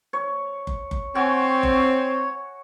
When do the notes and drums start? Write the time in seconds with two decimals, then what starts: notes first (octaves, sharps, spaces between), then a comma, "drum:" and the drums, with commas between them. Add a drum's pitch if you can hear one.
0.13 C#5
0.67 drum: kick F#1
0.91 drum: kick F#1
1.15 C4 F#4 C#5 G#5
1.63 drum: kick F#1